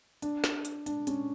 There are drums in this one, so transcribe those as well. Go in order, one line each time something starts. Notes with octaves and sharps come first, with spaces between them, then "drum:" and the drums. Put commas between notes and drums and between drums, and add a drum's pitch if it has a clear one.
D4, drum: hi-hat
drum: snare
drum: hi-hat
D4, drum: hi-hat
C#4, drum: hi-hat